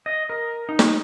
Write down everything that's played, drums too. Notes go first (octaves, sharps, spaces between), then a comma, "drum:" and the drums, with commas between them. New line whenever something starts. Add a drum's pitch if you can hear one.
D#5
A#4
D#4
drum: snare